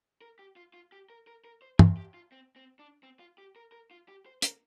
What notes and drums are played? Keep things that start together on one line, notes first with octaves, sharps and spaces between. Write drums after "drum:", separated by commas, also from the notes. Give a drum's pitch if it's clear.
A#4
G4
F4
F4
G4
A#4
A#4
A#4
C5
A#4, drum: tom
G4
F4
C4
C4
D4
C4
F4
G4
A#4
A#4
F4
G4
C5
A#4, drum: hi-hat